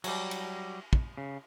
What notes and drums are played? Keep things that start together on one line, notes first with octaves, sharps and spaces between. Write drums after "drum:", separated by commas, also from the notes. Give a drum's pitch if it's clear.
F#3 G3, drum: cymbal
drum: cymbal
drum: kick
C#3